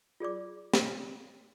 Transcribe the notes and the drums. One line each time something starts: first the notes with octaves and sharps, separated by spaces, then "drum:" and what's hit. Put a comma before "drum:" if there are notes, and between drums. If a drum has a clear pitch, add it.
F4 G#4 D5 D6
drum: snare